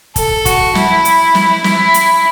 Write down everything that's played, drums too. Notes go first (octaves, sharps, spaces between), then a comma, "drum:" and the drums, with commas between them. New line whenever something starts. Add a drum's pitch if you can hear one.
A4, drum: kick, hi-hat
F#4, drum: kick, hi-hat
E4, drum: snare
drum: hi-hat
drum: snare
E4, drum: snare
drum: hi-hat